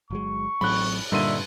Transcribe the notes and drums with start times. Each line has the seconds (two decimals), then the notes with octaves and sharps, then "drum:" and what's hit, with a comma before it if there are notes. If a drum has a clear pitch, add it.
0.10 G1 F#3 G#3 C#6
0.61 A1 F#3 C4 B5 F#6, drum: cymbal
1.12 G2 A#2 D3 G3 D#4 E5 C6 D#7